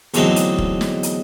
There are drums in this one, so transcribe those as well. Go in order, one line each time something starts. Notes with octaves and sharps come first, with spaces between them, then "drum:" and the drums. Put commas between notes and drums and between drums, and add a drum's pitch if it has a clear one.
E2 D3 F#3 A3 C4 D#4, drum: hi-hat
drum: hi-hat
drum: kick
drum: snare
drum: hi-hat